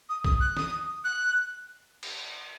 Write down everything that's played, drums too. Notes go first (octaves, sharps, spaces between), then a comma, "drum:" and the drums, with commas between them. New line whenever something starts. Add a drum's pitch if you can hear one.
D#6
D#6, drum: kick B1
F#6
D#6, drum: snare
F#6
drum: cymbal